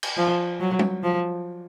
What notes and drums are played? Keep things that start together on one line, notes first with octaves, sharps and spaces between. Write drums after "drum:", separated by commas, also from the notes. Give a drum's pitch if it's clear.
drum: cymbal
F3
F#3
drum: tom G3
F3